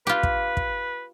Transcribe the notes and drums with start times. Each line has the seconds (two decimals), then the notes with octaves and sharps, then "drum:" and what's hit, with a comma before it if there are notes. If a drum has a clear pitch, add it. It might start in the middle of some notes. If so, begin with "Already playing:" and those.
0.07 F4 G4 B4
0.23 drum: kick
0.57 drum: kick